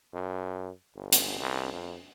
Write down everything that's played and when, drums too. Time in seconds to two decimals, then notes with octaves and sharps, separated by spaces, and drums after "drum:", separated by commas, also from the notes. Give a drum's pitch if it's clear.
0.14 F#2
0.95 G1
1.13 drum: hi-hat
1.40 C2
1.73 F2